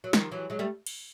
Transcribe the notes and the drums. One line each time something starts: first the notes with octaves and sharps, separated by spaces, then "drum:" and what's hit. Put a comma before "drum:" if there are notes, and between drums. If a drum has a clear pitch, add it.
F#3
D#3 F3, drum: snare
E3 F#3
F#3 G#3
G3 A3
drum: cymbal